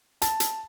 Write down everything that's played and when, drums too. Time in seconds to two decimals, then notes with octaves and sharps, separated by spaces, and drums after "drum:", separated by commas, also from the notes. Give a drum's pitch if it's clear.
0.22 A5, drum: hi-hat
0.40 drum: hi-hat